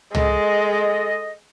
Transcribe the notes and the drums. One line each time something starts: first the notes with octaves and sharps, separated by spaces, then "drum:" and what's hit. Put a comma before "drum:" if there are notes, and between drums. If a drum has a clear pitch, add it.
G#3 G#4 A4 D#5, drum: tom